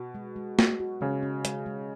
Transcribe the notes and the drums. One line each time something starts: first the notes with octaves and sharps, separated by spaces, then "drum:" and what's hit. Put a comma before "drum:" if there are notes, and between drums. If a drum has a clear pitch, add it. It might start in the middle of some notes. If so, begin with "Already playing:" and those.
Already playing: B2
G#3
G#3
F#4, drum: snare
F#4
C#3 G#3
C#4
G#3, drum: hi-hat
G#3